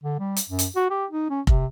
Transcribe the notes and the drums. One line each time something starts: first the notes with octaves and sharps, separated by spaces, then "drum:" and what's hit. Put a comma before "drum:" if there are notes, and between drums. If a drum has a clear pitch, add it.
D3
G3
drum: hi-hat
F#2
drum: hi-hat
F#4
G4
D#4
C#4
C3, drum: kick F1